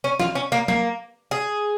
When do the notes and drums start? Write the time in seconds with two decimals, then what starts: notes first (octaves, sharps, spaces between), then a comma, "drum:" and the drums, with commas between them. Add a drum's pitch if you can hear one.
0.04 C#4
0.19 F4, drum: snare
0.35 C#4
0.52 A#3
0.68 A#3, drum: tom
1.31 G#4